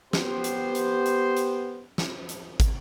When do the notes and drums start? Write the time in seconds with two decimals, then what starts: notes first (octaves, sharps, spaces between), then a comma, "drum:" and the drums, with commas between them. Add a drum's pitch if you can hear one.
0.13 B3 G4 C5, drum: snare
0.44 drum: hi-hat
0.75 drum: hi-hat
1.06 drum: hi-hat
1.37 drum: hi-hat
1.98 drum: snare
2.29 drum: hi-hat
2.60 drum: kick, hi-hat